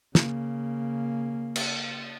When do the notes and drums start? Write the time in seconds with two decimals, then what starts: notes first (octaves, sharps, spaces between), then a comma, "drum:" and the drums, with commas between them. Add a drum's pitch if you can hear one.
0.15 C#3 A#3, drum: snare
1.56 drum: cymbal